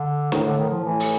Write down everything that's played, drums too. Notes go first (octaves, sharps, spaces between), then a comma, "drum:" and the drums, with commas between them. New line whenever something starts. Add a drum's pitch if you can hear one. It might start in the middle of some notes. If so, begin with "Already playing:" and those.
Already playing: D3
A2 D#3, drum: snare
D3
D#3
F3
A2 E3
drum: open hi-hat